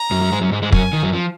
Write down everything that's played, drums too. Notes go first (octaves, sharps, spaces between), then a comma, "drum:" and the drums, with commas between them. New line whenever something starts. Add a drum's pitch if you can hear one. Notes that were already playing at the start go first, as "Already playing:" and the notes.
Already playing: A#5
F#2 F#3
F#3
G#2 G#3
F#2 F#3
G#2 G#3
G#2 G#3
F#2 F#3 G#5, drum: kick
D#3
F#2 F#3
F3